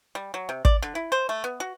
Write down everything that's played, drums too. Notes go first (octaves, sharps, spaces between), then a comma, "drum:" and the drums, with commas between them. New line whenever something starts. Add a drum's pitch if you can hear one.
G3
F#3
C3
D5, drum: kick
D3
E4
C5
A3
B3
F#4